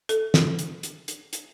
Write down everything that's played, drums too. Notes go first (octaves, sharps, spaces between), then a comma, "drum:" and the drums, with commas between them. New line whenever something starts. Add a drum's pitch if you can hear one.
A4, drum: hi-hat
drum: snare
drum: hi-hat
drum: hi-hat
drum: hi-hat
drum: hi-hat